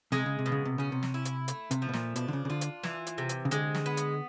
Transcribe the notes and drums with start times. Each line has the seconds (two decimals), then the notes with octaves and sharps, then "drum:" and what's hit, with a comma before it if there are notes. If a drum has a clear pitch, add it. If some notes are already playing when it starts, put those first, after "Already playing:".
0.12 C3 G#3, drum: snare
0.26 C#3
0.39 C3
0.46 B2
0.52 C#3
0.65 C3
0.78 C#3 C#4
0.92 C3
1.03 drum: snare
1.14 E4
1.25 drum: hi-hat
1.48 A3, drum: hi-hat
1.71 C3, drum: hi-hat
1.82 F3
1.89 B2
1.93 A#2, drum: snare
2.16 B2 D4, drum: hi-hat
2.28 D3
2.33 C#3
2.45 C#3
2.50 D3 F4
2.61 drum: hi-hat
2.84 E3, drum: snare
3.07 drum: hi-hat
3.18 C3
3.29 drum: hi-hat
3.45 C#3
3.51 D3 G#3, drum: hi-hat
3.75 drum: snare
3.86 B3
3.97 drum: hi-hat